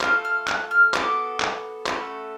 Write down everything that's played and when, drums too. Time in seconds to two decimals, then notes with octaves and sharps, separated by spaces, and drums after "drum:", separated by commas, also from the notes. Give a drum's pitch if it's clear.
0.01 A3 F4 A4 F6, drum: clap
0.25 F6
0.48 F#6, drum: clap
0.71 F6
0.94 B3 F#4 A4 D6, drum: clap
1.40 drum: clap
1.86 A3 C#4 F#4 A4 B5, drum: clap